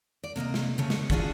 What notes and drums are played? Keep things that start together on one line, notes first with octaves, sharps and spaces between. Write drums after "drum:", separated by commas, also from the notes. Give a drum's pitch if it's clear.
D5
C3 A#3 A#4 D#5
drum: snare
C#3 A3 C#4
C#5, drum: snare
E3 C#4 D4 F4 F#4 G#4, drum: kick